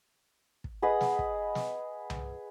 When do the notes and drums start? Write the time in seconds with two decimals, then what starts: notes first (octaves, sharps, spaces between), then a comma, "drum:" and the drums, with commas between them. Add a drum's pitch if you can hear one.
0.64 drum: kick
0.82 G#4 B4 D#5 F#5
1.01 drum: snare
1.19 drum: kick
1.55 drum: snare
2.10 drum: tom C2